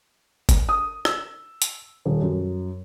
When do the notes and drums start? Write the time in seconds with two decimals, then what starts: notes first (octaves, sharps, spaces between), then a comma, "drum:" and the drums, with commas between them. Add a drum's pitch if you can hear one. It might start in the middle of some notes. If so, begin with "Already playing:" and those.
0.49 drum: kick G1, hi-hat
0.69 D#6
1.05 E6, drum: rim click
1.62 drum: hi-hat
2.05 D#1
2.22 F#2